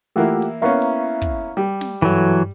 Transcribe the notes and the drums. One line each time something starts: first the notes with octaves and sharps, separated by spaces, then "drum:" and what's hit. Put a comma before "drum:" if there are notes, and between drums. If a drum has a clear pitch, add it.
E3 A3 A#3 E4 F4 G4 F#5
drum: hi-hat
A#3 B3 C#4 E4 F5 A#5 C#6
drum: hi-hat
drum: kick, hi-hat
G3
drum: snare
G2 E3 F#3 A3, drum: hi-hat